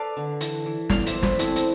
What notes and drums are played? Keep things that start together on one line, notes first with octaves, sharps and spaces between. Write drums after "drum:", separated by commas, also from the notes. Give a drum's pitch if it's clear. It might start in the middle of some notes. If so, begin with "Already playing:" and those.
Already playing: A4 B4 D5 F5
D3
E3, drum: hi-hat
E3
B3 D5 F5, drum: snare
C5 E5, drum: hi-hat
E3
B4 D5, drum: snare
A3 C4 E4, drum: hi-hat
drum: hi-hat